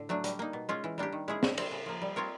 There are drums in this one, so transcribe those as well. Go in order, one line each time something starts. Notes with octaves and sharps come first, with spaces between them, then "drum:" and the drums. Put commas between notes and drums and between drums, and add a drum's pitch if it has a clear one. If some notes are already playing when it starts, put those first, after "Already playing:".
Already playing: A2 D3
F#3 A3 D4
G3, drum: hi-hat
A#3 D#4
B2
G#3 C#4 F4
E3
G3 A#3 D4 G4
D#3
G#3 C#4 E4 G#4
D3, drum: snare
G3 C4, drum: cymbal
C#3
F3 A#3
G3
C4 F4 A#4 C#5